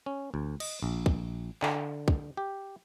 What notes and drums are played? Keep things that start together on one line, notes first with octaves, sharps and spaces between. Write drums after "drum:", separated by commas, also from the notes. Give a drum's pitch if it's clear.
C#4
D2
D#5, drum: cymbal
A#1
drum: kick
D3, drum: clap
drum: kick
G4